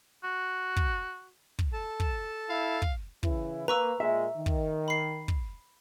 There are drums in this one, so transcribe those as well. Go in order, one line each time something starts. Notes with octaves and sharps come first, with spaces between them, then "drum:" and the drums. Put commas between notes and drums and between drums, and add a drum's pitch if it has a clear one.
F#4
drum: kick
drum: kick
A4 A5
drum: kick
E4 F5
drum: kick
C#3 E3 E4, drum: kick
A#3 B4 A#5 C#6 E6
A#2 G#3 E5
D#3
drum: kick
B5 C7
drum: kick